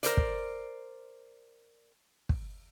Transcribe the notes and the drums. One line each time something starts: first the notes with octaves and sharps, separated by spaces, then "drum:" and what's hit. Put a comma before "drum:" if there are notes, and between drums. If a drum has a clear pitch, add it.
A#4 C5 D5, drum: hi-hat
drum: kick
drum: kick